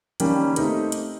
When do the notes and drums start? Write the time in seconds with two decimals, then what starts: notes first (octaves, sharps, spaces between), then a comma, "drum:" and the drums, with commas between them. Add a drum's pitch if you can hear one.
0.20 D#3 G3 A#3 C#4, drum: hi-hat
0.56 A3 C4 D#4 G4 A#4, drum: hi-hat
0.92 drum: hi-hat